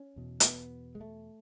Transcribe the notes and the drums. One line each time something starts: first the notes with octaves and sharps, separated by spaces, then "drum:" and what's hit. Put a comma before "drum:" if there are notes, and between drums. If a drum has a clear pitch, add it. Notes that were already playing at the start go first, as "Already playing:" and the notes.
Already playing: C#4
E2 B2
A3, drum: hi-hat
B3
G#3
A3